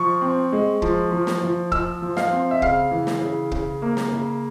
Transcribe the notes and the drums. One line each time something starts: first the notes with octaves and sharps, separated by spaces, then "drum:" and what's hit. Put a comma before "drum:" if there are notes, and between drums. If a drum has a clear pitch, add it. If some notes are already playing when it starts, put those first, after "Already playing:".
Already playing: F3 C#6
C4
G#3
F3, drum: kick
F3
drum: snare
F3
F3 E6, drum: kick
F3
F5, drum: snare
C4
E5
C#3 F5, drum: kick
E3
drum: snare
C#3
C#3, drum: kick
A#3
drum: snare
C#3